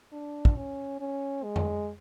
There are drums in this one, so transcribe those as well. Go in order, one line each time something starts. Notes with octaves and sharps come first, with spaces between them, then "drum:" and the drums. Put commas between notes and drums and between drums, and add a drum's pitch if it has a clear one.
D4
drum: kick
C#4
C#4
G#3
drum: tom F2